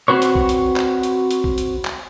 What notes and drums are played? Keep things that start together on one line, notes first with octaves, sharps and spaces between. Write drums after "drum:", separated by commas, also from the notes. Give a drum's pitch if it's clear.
C4 F#4 B4 C#5
drum: hi-hat
drum: kick A#1
drum: hi-hat
drum: clap
drum: hi-hat
drum: hi-hat
drum: kick A#1
drum: hi-hat
drum: clap